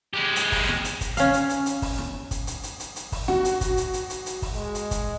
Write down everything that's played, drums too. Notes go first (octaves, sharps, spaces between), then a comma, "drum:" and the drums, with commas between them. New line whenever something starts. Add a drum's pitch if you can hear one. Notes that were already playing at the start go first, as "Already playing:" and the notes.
G#3 G4
drum: hi-hat
drum: kick, open hi-hat
drum: snare
drum: hi-hat
drum: kick, hi-hat
C#4 F5, drum: hi-hat
drum: hi-hat
drum: hi-hat
drum: hi-hat
drum: kick, open hi-hat
drum: snare
drum: kick, hi-hat
drum: hi-hat
drum: hi-hat
drum: hi-hat
drum: hi-hat
drum: kick, open hi-hat
F#4, drum: snare
drum: hi-hat
drum: kick, hi-hat
drum: hi-hat
drum: hi-hat
drum: hi-hat
drum: hi-hat
drum: kick, open hi-hat
G#3
drum: hi-hat
drum: kick, hi-hat